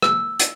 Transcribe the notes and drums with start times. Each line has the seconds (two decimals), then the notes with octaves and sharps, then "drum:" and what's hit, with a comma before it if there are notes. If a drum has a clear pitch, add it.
0.02 E6, drum: rim click
0.40 drum: hi-hat